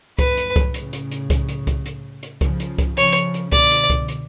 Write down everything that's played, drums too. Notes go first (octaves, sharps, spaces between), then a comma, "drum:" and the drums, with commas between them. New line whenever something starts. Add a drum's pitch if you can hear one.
F#2 A2 B4, drum: kick C2, hi-hat
drum: hi-hat
drum: kick C2, hi-hat
A2 C#3, drum: hi-hat
drum: hi-hat
drum: hi-hat
drum: kick C2, hi-hat
drum: hi-hat
drum: kick C2, hi-hat
drum: hi-hat
drum: hi-hat
C#3 F3, drum: kick C2, hi-hat
drum: hi-hat
drum: kick C2, hi-hat
C#3 F3 C#5, drum: hi-hat
drum: hi-hat
drum: hi-hat
B2 D3 D5, drum: kick C2, hi-hat
drum: hi-hat
drum: kick C2, hi-hat
drum: hi-hat